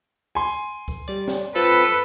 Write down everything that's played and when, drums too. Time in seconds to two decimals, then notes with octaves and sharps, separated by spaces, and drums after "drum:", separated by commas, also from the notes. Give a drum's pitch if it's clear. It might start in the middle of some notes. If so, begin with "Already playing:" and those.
0.35 G#5 C6
0.48 drum: tambourine
0.88 drum: kick C#2, tambourine
1.08 G3 D5
1.28 drum: snare
1.55 C4 F4 A4 B4
1.67 drum: tambourine